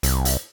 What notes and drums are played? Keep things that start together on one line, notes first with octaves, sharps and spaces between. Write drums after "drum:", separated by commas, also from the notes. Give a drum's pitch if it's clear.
C2, drum: hi-hat
drum: hi-hat